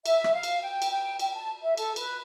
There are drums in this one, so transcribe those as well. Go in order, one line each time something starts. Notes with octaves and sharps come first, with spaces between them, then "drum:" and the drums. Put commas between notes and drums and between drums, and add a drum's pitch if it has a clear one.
E5, drum: cymbal
drum: rim click
F5
drum: cymbal
G5
drum: cymbal
G5
G5, drum: cymbal
G5
A5
E5
A4, drum: cymbal
B4, drum: cymbal